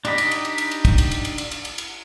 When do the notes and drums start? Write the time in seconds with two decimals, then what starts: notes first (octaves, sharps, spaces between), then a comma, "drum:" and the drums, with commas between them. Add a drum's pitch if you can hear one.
0.05 D4 D#4 G4 D#5 B5, drum: cymbal
0.18 drum: cymbal
0.31 drum: cymbal
0.45 drum: cymbal
0.58 drum: cymbal
0.71 drum: cymbal
0.85 drum: kick, cymbal
0.98 drum: cymbal
1.11 drum: cymbal
1.25 drum: cymbal
1.38 drum: cymbal
1.51 drum: cymbal
1.65 drum: cymbal
1.78 drum: cymbal